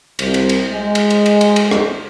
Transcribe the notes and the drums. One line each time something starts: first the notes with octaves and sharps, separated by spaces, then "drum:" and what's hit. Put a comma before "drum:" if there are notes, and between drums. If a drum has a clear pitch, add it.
C2, drum: cymbal
drum: cymbal
drum: cymbal
G#3
drum: cymbal
drum: cymbal
drum: cymbal
drum: cymbal
drum: cymbal
drum: rim click